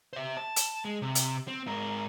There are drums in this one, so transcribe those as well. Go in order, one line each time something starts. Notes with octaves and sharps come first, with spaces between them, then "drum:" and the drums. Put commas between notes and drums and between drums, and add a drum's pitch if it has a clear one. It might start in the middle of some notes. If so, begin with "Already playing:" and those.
C5 E5
A5
drum: hi-hat
G#3
C3
drum: hi-hat
C4
G#2 A#4